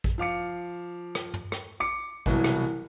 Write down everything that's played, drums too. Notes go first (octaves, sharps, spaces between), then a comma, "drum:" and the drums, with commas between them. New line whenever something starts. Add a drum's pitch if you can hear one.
drum: kick A1
F3 F5 D6 C#7
drum: rim click
drum: tom
drum: rim click
D6 C#7
C2 B2 E3 F#3, drum: kick A1
drum: rim click